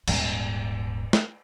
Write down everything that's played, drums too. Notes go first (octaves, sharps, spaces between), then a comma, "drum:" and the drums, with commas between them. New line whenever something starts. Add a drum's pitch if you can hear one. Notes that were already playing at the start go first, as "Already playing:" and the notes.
D#1 G#2, drum: cymbal
drum: snare